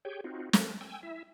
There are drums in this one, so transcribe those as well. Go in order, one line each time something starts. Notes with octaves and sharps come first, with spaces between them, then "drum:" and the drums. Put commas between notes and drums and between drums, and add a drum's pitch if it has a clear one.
G4 G#4 C#5 G5
C4 D#4 F4 F#4
A4 A#4, drum: snare
G5 G#5 E6
E4 E5